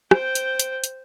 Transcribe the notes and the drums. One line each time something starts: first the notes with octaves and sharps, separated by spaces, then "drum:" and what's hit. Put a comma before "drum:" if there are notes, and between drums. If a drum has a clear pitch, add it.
C5 G5, drum: rim click
drum: hi-hat
drum: hi-hat
drum: hi-hat